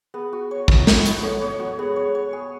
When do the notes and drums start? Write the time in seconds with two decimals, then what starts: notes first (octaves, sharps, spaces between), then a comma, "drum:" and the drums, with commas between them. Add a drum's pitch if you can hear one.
0.14 B3 G#4
0.33 F#4
0.51 C#5
0.68 B3, drum: kick
0.87 B3, drum: snare
1.06 B3, drum: hi-hat
1.23 A4 C#5
1.41 C#5
1.59 F#4
1.79 B3 G#4
1.96 C#5
2.15 C#5
2.33 G#4